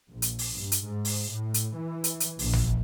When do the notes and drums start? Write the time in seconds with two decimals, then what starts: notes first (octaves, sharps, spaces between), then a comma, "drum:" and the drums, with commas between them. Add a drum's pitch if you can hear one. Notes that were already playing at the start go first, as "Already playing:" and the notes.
0.10 A#1
0.22 drum: hi-hat
0.39 drum: open hi-hat
0.55 G2
0.72 drum: hi-hat
0.85 G#2
1.05 drum: open hi-hat
1.31 A2
1.54 drum: hi-hat
1.75 E3
2.04 drum: hi-hat
2.20 drum: hi-hat
2.39 A#1, drum: open hi-hat
2.53 drum: tom